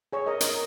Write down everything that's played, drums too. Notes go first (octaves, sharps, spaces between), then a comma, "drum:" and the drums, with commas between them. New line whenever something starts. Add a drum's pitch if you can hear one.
G#4 C#5
A#4 D#5
A#4 D#5, drum: hi-hat